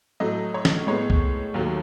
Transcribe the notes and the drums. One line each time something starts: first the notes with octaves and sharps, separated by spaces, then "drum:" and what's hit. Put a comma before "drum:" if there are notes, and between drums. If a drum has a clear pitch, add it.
A2 F#3 A3 D#5
C#5
drum: snare
A2 G#3 B3 C#5
drum: kick C2
D#2 D#3 F#3 A3